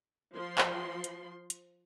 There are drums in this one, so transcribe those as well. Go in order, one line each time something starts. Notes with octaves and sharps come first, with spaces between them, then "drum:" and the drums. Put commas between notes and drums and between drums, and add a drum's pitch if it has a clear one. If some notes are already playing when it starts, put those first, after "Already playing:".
F3 C6
drum: clap
drum: hi-hat
drum: hi-hat